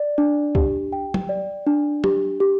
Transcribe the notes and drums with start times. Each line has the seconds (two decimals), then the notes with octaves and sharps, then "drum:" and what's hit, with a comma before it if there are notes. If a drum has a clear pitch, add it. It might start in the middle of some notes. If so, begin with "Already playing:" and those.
Already playing: D5
0.18 D4
0.55 G4, drum: kick C2
0.92 G5
1.14 drum: tom
1.29 D5
1.67 D4
2.04 G4, drum: tom
2.40 G4